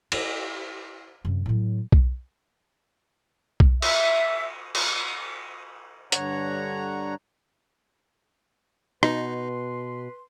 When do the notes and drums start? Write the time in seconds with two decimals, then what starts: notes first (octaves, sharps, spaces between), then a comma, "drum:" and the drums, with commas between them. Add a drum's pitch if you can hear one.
0.12 E4, drum: cymbal
1.25 F#2 C3
1.46 A2 F#3
1.92 drum: kick B1
3.60 drum: kick B1
3.82 E5, drum: cymbal
4.75 drum: cymbal
6.12 G2 D3 C#5 F#5 A#5, drum: hi-hat
9.03 B2 D#4 B4 C6, drum: rim click